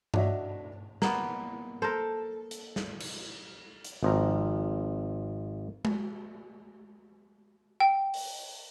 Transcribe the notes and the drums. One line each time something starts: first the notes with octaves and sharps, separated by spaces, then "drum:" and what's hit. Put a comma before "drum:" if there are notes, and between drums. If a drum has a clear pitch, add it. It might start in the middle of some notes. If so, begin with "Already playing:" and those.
D4 F#4 C#5 D#5 E5, drum: tom G2
A#3 B3, drum: snare
A4 A#4 C5
drum: hi-hat
drum: snare
drum: cymbal
drum: hi-hat
G#1 F3 A#5
drum: tom G#3
G5
drum: open hi-hat